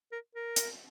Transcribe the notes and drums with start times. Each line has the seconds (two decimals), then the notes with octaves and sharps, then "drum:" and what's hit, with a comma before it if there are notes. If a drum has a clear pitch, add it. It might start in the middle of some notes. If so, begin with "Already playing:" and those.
0.12 A#4
0.35 A#4
0.56 drum: hi-hat